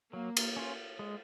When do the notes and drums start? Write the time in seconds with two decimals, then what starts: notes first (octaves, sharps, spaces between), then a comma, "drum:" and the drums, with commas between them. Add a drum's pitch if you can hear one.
0.13 F#3 A#3
0.37 drum: cymbal
0.57 C#4 F4
0.99 G#3